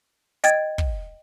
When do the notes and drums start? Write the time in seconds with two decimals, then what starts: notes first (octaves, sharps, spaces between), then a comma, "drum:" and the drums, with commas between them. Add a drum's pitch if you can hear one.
0.44 D#5 G5 G#6 A6, drum: hi-hat
0.78 drum: kick